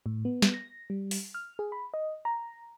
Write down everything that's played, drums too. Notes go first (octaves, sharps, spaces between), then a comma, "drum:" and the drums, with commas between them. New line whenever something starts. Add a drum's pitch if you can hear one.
A2
B3
drum: snare
A#6
G3
drum: open hi-hat
F6
G#4
B5
D#5
A#5